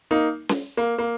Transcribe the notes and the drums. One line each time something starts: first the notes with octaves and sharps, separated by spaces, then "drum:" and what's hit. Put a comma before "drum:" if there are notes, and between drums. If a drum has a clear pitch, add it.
A#3 D#4
drum: snare C#4
A#3
A#3